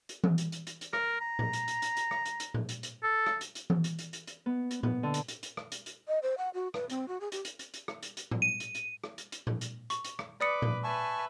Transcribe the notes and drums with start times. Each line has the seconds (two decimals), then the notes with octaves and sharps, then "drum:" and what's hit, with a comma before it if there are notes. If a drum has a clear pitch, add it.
0.09 drum: hi-hat
0.24 drum: tom E3
0.38 drum: hi-hat
0.52 drum: hi-hat
0.67 drum: hi-hat
0.81 drum: hi-hat
0.93 A#4, drum: rim click
1.21 A#5
1.39 drum: tom A2
1.53 drum: hi-hat
1.68 drum: hi-hat
1.82 drum: hi-hat
1.97 drum: hi-hat
2.11 drum: rim click
2.26 drum: hi-hat
2.40 drum: hi-hat
2.54 drum: tom A2
2.69 drum: hi-hat
2.83 drum: hi-hat
3.03 A4
3.26 drum: rim click
3.41 drum: hi-hat
3.55 drum: hi-hat
3.70 drum: tom E3
3.84 drum: hi-hat
3.99 drum: hi-hat
4.13 drum: hi-hat
4.27 drum: hi-hat
4.46 B3
4.71 drum: hi-hat
4.83 B3, drum: tom A2
5.03 D3
5.14 drum: hi-hat
5.28 drum: hi-hat
5.43 drum: hi-hat
5.57 drum: rim click
5.72 drum: hi-hat
5.86 drum: hi-hat
6.08 D#5
6.23 C5
6.38 F#5
6.54 F#4
6.74 B4, drum: rim click
6.90 C4, drum: hi-hat
7.08 F#4
7.21 G#4
7.32 G4, drum: hi-hat
7.45 drum: hi-hat
7.59 drum: hi-hat
7.74 drum: hi-hat
7.88 drum: rim click
8.03 drum: hi-hat
8.17 drum: hi-hat
8.31 drum: tom A2
8.42 D#7
8.60 drum: hi-hat
8.75 drum: hi-hat
9.04 drum: rim click
9.18 drum: hi-hat
9.32 drum: hi-hat
9.47 drum: tom A2
9.61 drum: hi-hat
9.90 C#6, drum: hi-hat
10.05 drum: hi-hat
10.19 drum: rim click
10.41 B4 D5 D6 D#6 C#7
10.62 drum: tom A2
10.84 B4 E5 G#5 A5 C#6